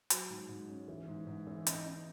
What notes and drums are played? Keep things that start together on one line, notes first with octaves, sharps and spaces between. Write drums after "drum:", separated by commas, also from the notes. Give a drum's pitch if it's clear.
F#3, drum: hi-hat
G#2
G#2
C#4
E3
G#2
G#2
E3
D#4, drum: hi-hat
D#4